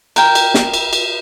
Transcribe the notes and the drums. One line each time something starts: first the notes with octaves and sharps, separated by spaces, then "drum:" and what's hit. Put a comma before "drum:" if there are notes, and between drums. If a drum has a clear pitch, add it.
A#4 G5, drum: cymbal
drum: cymbal
drum: snare
drum: cymbal
drum: cymbal